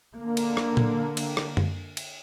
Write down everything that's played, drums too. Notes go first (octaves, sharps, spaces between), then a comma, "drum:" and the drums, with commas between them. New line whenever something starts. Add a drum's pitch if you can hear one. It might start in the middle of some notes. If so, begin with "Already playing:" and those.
D3 A#3
drum: cymbal
drum: rim click
drum: tom A#2
drum: cymbal
drum: rim click
drum: tom F#2
drum: cymbal